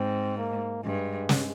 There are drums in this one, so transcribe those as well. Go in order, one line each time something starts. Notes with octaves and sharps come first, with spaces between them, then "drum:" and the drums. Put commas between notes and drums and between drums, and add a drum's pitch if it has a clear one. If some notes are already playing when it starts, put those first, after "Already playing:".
Already playing: G#2 C4
A#3
G2 G#3
drum: snare